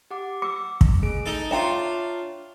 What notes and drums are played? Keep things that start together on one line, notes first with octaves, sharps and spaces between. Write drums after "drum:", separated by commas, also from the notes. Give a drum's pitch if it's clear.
G4 F#5 D6
D6 E6 C#7
drum: kick
A3 G#4 D7
D#4 A4
D4 F4 C#5 E5 G5 A#5